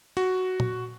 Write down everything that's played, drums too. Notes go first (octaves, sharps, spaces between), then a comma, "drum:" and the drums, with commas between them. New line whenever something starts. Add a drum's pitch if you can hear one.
F#4, drum: cymbal
drum: tom A#2